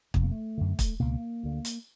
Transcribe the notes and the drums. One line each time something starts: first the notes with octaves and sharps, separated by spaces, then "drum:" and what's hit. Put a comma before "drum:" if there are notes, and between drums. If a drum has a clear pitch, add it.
F2 C3 A3, drum: kick
A#3
A3
F#2 D3
drum: kick, hi-hat
C#2 B2 A#3
D2 D3
drum: hi-hat